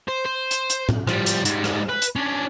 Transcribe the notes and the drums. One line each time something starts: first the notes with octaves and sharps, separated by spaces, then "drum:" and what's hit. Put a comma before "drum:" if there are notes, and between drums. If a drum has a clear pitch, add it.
C5
C5
drum: hi-hat
drum: hi-hat
drum: tom A2
F3 G3, drum: rim click
drum: hi-hat
G#2 G3, drum: hi-hat
drum: rim click
B4
drum: hi-hat
C#4 D4